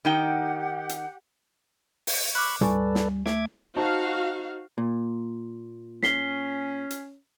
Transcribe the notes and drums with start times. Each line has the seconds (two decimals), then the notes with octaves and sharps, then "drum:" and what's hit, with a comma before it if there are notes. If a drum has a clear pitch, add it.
0.05 D#3 D#4 G4 F#5 G5
0.89 drum: hi-hat
2.07 drum: open hi-hat
2.35 B5 C#6 D6 F6 F#6
2.61 D2 G3 A4 B4 D5 G#5 C#6, drum: tom
2.95 drum: snare
3.26 A3 E5 D6 G#6, drum: snare
3.76 D#4 F#4 C5 F5 A5
4.78 A#2
6.03 C#4 B6 C7 G7, drum: snare
6.90 drum: hi-hat